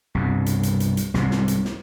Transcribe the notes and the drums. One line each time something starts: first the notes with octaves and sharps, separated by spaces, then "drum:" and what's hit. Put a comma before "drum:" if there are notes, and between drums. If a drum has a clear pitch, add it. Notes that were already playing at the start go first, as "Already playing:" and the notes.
C2 G2 B2
drum: hi-hat
drum: hi-hat
drum: hi-hat
drum: hi-hat
C2 G#2 C3, drum: snare
drum: snare
drum: hi-hat
drum: snare